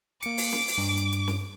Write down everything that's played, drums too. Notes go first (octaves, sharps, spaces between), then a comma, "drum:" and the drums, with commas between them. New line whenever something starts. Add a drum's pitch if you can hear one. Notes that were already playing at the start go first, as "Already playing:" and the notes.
A#3 D6 C#7, drum: hi-hat
drum: open hi-hat
drum: snare
drum: open hi-hat
G2
drum: hi-hat
drum: hi-hat
drum: snare